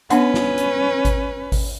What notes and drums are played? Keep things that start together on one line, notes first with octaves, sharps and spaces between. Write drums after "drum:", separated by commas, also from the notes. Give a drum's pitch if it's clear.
B3 C#4 D4 B4 F#5, drum: hi-hat
drum: snare
drum: hi-hat
drum: kick G#1, hi-hat
drum: kick G#1, open hi-hat